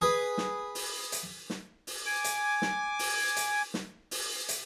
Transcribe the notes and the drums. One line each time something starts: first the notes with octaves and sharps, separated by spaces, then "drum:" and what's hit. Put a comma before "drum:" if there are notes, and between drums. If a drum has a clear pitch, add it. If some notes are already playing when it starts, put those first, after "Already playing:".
G#4 B4
drum: snare
drum: open hi-hat
drum: hi-hat
drum: snare
drum: open hi-hat
G#5 D6
drum: hi-hat
drum: snare
drum: open hi-hat
drum: hi-hat
drum: snare
drum: open hi-hat
drum: hi-hat